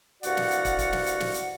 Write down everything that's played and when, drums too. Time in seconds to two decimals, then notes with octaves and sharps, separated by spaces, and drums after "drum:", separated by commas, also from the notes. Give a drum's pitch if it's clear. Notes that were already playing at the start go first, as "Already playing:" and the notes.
0.23 C2 G2 F#4 D5 F5 F#5, drum: hi-hat
0.37 drum: snare
0.51 drum: hi-hat
0.65 drum: kick, hi-hat
0.79 drum: kick, hi-hat
0.93 drum: snare
1.06 drum: hi-hat
1.20 drum: snare
1.34 drum: hi-hat